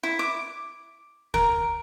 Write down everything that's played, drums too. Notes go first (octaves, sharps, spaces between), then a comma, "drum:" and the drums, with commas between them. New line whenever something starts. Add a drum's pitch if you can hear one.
E4
D6
A#4, drum: kick D2